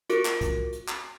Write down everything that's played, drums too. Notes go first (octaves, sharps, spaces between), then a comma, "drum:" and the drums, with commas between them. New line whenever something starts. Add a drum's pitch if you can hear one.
F4 F#4 A#4, drum: hi-hat
drum: clap
drum: kick C2, hi-hat
drum: hi-hat
drum: clap